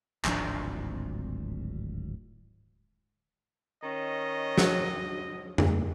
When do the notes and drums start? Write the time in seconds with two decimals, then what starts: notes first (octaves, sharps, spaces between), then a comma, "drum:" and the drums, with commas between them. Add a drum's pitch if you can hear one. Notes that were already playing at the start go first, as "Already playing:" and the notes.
0.25 D1 G#1 F3 D4, drum: clap
3.83 D#3 C#4 D#5
4.58 F#3, drum: snare
5.58 drum: tom F2